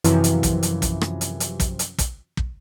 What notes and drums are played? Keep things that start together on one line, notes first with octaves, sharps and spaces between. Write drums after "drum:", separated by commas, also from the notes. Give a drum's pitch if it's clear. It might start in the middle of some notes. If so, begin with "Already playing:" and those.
F#2 C3 E3 F3, drum: hi-hat
drum: hi-hat
drum: kick, hi-hat
drum: hi-hat
drum: kick, hi-hat
drum: rim click
drum: hi-hat
drum: hi-hat
drum: kick, hi-hat
drum: hi-hat
drum: kick, hi-hat
drum: kick